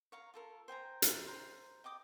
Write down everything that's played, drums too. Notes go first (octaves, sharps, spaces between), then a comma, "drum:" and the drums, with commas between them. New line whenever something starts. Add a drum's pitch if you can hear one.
C#5 F5 A#5
F4 A4 A#4
C5 G5 G#5 A#5
drum: hi-hat
C5 A#5
D#5 G5 D6 D#6